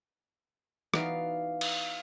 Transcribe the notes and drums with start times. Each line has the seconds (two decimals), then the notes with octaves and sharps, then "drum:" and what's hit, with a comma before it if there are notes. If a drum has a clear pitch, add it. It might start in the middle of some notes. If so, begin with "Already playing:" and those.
0.94 E3 B3 D#4 F#4 D5 F5, drum: rim click
1.61 drum: cymbal